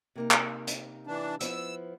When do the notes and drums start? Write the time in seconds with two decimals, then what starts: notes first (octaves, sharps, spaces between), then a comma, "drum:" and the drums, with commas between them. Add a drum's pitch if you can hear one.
0.16 C3 A#3 D#4
0.31 drum: clap
0.67 drum: hi-hat
1.07 E3 D4
1.41 F3 B3 E4 E6, drum: hi-hat